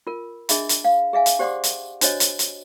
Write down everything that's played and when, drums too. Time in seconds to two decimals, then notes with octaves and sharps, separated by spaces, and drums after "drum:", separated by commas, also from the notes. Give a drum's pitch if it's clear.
0.07 F4 A#4
0.49 D4 G#4 D#5 E5 B5, drum: hi-hat
0.69 drum: hi-hat
0.84 F5
1.13 G#4 E5 F5 G#5
1.26 drum: hi-hat
1.39 G4 C5 D5 F#5 C6 D6
1.64 drum: hi-hat
2.01 D4 F#4 C5 C#5 D#5, drum: hi-hat
2.20 drum: hi-hat
2.39 drum: hi-hat